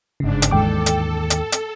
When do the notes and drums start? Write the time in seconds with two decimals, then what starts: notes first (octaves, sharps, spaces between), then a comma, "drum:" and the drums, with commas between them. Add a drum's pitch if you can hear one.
0.20 G1 G#2 C#3 D4
0.42 drum: hi-hat
0.51 D#2 G#2 E3 G#3 A4 G5 D6
0.86 drum: hi-hat
1.30 drum: hi-hat
1.52 drum: hi-hat